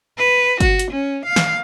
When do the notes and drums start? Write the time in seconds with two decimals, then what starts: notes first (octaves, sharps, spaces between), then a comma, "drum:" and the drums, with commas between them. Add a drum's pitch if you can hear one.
0.18 B4
0.60 F#4, drum: kick G1, hi-hat
0.79 drum: hi-hat
0.91 C#4
1.25 F5
1.36 drum: snare